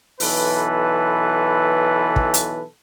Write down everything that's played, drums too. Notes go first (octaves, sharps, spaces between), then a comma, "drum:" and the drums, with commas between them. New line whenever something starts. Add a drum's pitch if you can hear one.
B1 E3 A4 B4, drum: open hi-hat
drum: kick
drum: hi-hat